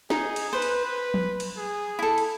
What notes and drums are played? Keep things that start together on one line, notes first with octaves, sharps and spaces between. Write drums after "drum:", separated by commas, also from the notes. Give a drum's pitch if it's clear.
D#4 G#4, drum: snare
drum: cymbal
B4 C5
drum: cymbal
B4
drum: tom F3
drum: cymbal
G#4
E4 A4
drum: cymbal